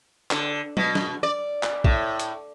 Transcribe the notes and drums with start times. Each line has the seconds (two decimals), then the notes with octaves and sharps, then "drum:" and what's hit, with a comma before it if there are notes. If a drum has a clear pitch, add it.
0.31 D3, drum: clap
0.77 B2, drum: tom
0.95 drum: snare
1.23 D5
1.63 drum: clap
1.84 A2, drum: kick
2.20 drum: hi-hat